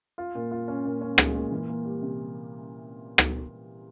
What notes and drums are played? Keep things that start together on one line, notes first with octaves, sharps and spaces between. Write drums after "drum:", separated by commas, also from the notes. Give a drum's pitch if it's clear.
F4
A#2
F4
C#4
A#2
C#4
G#3, drum: rim click
A#2
E3
A#3
G3
C3
drum: rim click